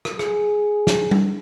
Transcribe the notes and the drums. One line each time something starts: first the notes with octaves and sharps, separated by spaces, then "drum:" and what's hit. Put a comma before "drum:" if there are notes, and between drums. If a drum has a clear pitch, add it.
drum: rim click
G#4, drum: rim click
drum: snare
drum: tom G3